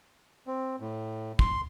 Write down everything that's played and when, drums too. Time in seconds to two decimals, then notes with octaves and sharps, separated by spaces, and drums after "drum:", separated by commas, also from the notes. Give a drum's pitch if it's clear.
0.47 C4
0.80 A2
1.39 C6, drum: kick